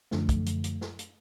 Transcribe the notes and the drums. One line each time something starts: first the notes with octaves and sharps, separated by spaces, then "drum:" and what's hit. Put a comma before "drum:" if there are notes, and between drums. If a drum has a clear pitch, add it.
F#2 D3 F3 A3, drum: snare
drum: kick, hi-hat
drum: hi-hat
drum: hi-hat
drum: snare
drum: hi-hat